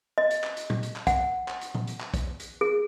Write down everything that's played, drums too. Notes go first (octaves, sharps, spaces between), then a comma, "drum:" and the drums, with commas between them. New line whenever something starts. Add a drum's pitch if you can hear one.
D#5
drum: hi-hat
drum: clap
drum: hi-hat
drum: tom A#2
drum: hi-hat
drum: clap
F#5, drum: kick, hi-hat
drum: clap
drum: hi-hat
drum: tom A#2
drum: hi-hat
drum: clap
drum: kick, hi-hat
drum: hi-hat
G#4